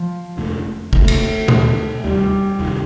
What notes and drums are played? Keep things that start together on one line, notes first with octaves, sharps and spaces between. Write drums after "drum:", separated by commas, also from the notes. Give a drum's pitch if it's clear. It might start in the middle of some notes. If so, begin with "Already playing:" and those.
Already playing: F3
F1 F2 D3 A3
D2 C3 D#3 A3 A#3, drum: kick
drum: cymbal
D2 C3 D#3 A#3, drum: tom A#2
F1 D#2 D#3 G3
F1 D#2 D#3